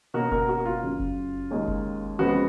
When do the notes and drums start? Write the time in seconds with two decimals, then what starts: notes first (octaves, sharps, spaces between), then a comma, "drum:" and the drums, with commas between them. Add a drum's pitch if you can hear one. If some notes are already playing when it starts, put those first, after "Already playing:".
0.14 B2 A#3 C#4 F#4 A#4
0.32 F#4 A#4, drum: kick F#1
0.49 F#4
0.65 F4
0.83 F#2 C#3 F#3
1.00 drum: kick F#1
1.51 D#2 D#3 G#3 C#4
1.68 drum: kick F#1
2.19 F2 C#3 F3 G#3 B3 F#4